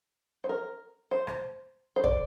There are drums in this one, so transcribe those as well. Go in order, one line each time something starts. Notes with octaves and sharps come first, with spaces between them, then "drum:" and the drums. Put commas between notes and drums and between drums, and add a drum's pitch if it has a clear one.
C5
A#4
C5
drum: rim click
C5
D5, drum: kick